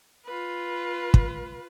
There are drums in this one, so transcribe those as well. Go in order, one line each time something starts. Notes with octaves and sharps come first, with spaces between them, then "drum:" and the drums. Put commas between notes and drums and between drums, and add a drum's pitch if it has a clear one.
F4 B4
drum: kick